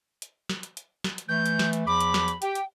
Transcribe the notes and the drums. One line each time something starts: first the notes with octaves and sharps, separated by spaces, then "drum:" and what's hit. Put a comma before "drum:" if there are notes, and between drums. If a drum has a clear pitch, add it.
drum: hi-hat
drum: snare
drum: hi-hat
drum: hi-hat
drum: snare
drum: hi-hat
E3 A3 G6
drum: hi-hat
drum: snare
drum: hi-hat
E2 F3 B5 D6
drum: hi-hat
drum: snare
drum: hi-hat
G4 G5, drum: hi-hat
drum: hi-hat